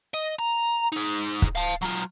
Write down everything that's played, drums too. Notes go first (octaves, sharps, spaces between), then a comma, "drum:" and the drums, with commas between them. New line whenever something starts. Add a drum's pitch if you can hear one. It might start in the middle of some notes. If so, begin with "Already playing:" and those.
D#5
A#5
D#4 G#4
drum: kick
F5 A5
F#3 F4